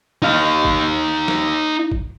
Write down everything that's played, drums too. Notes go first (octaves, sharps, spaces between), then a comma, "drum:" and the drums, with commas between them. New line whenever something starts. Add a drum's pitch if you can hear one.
D#4 F5
drum: kick
drum: snare
drum: kick